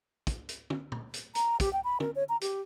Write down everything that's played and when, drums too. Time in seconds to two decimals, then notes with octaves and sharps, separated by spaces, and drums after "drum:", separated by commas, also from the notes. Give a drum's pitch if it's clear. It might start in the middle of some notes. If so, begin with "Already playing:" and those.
0.27 drum: kick, hi-hat
0.49 drum: hi-hat
0.70 drum: tom
0.92 drum: tom A#2
1.14 drum: hi-hat
1.35 A#5, drum: hi-hat
1.60 G4, drum: kick, hi-hat
1.73 G5
1.84 B5
2.00 A#4, drum: tom
2.15 C#5
2.29 A#5
2.41 G4, drum: hi-hat